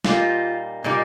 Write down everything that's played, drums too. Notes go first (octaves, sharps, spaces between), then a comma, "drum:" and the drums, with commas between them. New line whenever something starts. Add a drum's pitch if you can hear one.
A#2 G3 A#3 D#4 F4, drum: snare
A#2 G3 A#3 D#4